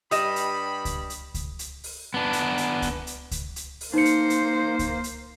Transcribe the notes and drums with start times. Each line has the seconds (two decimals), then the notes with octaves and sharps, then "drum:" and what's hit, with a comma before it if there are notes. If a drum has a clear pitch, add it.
0.11 G2 G3 D#5 B5 D#6 A#6 E7, drum: hi-hat
0.36 drum: hi-hat
0.85 drum: kick C#2, hi-hat
1.10 drum: hi-hat
1.34 drum: kick C#2, hi-hat
1.59 drum: hi-hat
1.84 drum: open hi-hat
2.14 B3 D4
2.33 drum: hi-hat
2.58 drum: hi-hat
2.82 drum: kick C#2, hi-hat
3.07 drum: hi-hat
3.31 drum: kick C#2, hi-hat
3.56 drum: hi-hat
3.81 drum: open hi-hat
3.94 A#3 D#4 C5 C#7
4.05 drum: hi-hat
4.30 drum: hi-hat
4.79 drum: kick C#2, hi-hat
5.04 drum: hi-hat